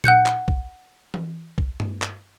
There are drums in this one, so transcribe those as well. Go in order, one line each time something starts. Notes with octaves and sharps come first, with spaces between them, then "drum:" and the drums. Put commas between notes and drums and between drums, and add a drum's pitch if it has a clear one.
F#5 F#6 G6 C#7, drum: tom A#2
drum: clap
drum: kick B1
drum: tom E3
drum: kick B1
drum: tom G2
drum: clap